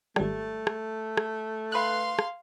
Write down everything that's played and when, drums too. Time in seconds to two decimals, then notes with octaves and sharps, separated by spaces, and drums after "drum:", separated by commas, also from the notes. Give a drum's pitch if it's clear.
0.16 G#1 G3 A3, drum: rim click
0.67 drum: rim click
1.17 drum: rim click
1.72 B4 F5 C6 F#6
2.19 drum: rim click